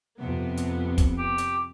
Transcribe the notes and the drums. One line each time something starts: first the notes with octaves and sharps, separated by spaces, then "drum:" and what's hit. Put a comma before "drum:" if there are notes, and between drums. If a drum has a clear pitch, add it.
F2 C3 B3
drum: hi-hat
drum: kick, hi-hat
G4
drum: hi-hat